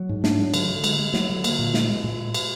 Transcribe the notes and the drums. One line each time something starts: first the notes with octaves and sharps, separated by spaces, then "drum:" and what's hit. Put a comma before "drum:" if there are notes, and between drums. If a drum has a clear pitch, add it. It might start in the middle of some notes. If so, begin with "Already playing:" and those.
Already playing: F#3
G#2
D4, drum: snare
F#3
D3, drum: cymbal
D3
G#3, drum: cymbal
G#3
F#3, drum: snare
D3
A#3, drum: cymbal
A#2
G#3, drum: snare
G#3
A#2
drum: cymbal